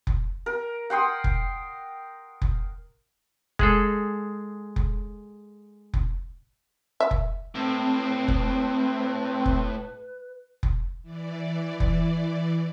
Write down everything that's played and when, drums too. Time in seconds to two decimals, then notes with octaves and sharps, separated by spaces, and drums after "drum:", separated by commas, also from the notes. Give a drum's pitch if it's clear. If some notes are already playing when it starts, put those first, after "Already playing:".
0.07 drum: kick F1
0.46 A#4
0.90 F#5 G5 C6 D#6
1.24 drum: kick F1
2.42 drum: kick F1
3.59 G#3 G#4 A4, drum: kick F1
4.76 drum: kick F1
5.94 drum: kick F1
7.00 E5
7.11 drum: kick F1
7.55 A2 C4 B4
8.28 drum: kick F1
9.46 drum: kick F1
10.63 drum: kick F1
11.02 E3 D5
11.80 drum: kick F1